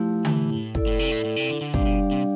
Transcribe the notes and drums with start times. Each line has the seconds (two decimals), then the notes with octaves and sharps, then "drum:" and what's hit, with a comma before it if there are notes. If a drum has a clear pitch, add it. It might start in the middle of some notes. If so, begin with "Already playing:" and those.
Already playing: F3 A3 E4 G4
0.25 E3, drum: tom D3
0.50 A2
0.75 E4 A4 D5, drum: kick
0.87 A2
0.99 C3
1.11 A2
1.25 A2
1.36 C3
1.49 D3
1.61 D3
1.74 C3 G3 D4 G4 D5 F5, drum: kick
1.86 B2
2.11 C3